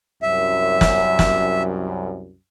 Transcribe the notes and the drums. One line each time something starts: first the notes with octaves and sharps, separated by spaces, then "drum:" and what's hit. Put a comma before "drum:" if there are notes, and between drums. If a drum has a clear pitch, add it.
C2 F#2 E5
drum: snare
drum: snare